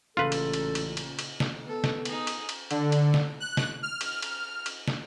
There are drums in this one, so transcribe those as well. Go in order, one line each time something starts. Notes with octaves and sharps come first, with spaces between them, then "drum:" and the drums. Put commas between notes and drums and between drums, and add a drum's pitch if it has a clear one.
A1 A#2 C#3 F4 A4 B4
drum: cymbal
drum: cymbal
drum: cymbal
drum: cymbal
drum: cymbal
drum: snare
B3 A4
drum: snare
D#4 G#4, drum: cymbal
drum: cymbal
drum: cymbal
D3, drum: cymbal
drum: cymbal
drum: snare
F#6
drum: snare
F6
drum: cymbal
drum: cymbal
drum: cymbal
drum: snare